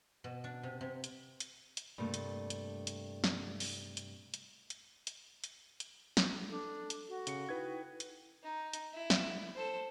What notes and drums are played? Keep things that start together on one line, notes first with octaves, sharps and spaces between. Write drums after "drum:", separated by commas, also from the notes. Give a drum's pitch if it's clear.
B2
D4
C3
C3
drum: hi-hat
drum: hi-hat
drum: hi-hat
G2 C3 A3 A#3
drum: hi-hat
drum: hi-hat
drum: hi-hat
drum: snare
drum: open hi-hat
drum: hi-hat
drum: hi-hat
drum: hi-hat
drum: hi-hat
drum: hi-hat
drum: hi-hat
drum: snare
D4 A4
drum: hi-hat
F#4
C#3 C#7, drum: hi-hat
D#4 E4 B4 G5 G#6
drum: hi-hat
D#4
drum: hi-hat
E4
drum: snare
A4 C5